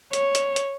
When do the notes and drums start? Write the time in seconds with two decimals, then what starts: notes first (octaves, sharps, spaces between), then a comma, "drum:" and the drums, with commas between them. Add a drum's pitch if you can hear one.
0.13 C#5, drum: hi-hat
0.35 drum: hi-hat
0.56 drum: hi-hat